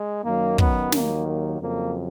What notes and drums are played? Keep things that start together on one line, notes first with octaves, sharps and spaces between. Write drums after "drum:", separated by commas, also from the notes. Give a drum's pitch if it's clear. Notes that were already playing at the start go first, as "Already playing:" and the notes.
Already playing: G#3
F#2 D#3 F#3 A#3
B3, drum: kick
D#2 D#3 F#3 A#3, drum: snare
A#3
F2 C#3 F#3 A#3